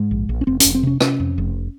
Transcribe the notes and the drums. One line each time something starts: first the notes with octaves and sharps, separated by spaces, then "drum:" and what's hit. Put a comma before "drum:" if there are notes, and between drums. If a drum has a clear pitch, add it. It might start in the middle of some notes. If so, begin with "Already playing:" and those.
Already playing: G#2 G#3
A#1
A#1
C#4
F1 C4
C#4, drum: hi-hat
F1
C4
C3 C#4
C3 C#4, drum: rim click
F2
F1